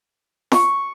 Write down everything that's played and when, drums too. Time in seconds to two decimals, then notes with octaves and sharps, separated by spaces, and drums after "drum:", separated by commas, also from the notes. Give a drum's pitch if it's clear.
0.52 C#6, drum: snare